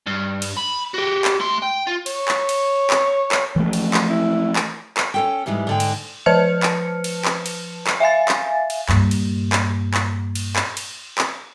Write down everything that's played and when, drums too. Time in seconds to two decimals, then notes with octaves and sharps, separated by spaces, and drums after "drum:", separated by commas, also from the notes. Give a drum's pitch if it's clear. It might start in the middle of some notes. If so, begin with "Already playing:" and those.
0.07 G2
0.42 drum: cymbal
0.57 B5
0.94 F#4 G4
1.25 drum: clap
1.40 A3 C6
1.62 G5
1.87 F4
2.06 C#5, drum: cymbal
2.28 drum: clap
2.49 drum: cymbal
2.90 drum: clap
3.32 drum: clap
3.56 E3 F3 A3
3.73 drum: cymbal
3.94 drum: clap
4.09 E4
4.56 drum: clap
4.97 drum: clap
5.14 C#4 A4 G5
5.46 G#2 E3 G3 G#3
5.67 G#2 D3 G5
5.80 drum: cymbal
6.26 F3 B4 C5 A5 F6 C#7
6.63 drum: clap
7.04 drum: cymbal
7.25 drum: clap
7.46 drum: cymbal
7.87 drum: clap
8.00 E5 F5 G#5 A6
8.28 drum: clap
8.70 drum: cymbal
8.89 G2 A#2, drum: clap
9.11 drum: cymbal
9.53 drum: clap
9.94 drum: clap
10.35 drum: cymbal
10.56 drum: clap
10.77 drum: cymbal
11.18 drum: clap